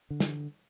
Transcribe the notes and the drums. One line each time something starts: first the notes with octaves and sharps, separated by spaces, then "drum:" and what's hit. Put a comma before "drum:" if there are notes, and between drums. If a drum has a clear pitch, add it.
D3
drum: snare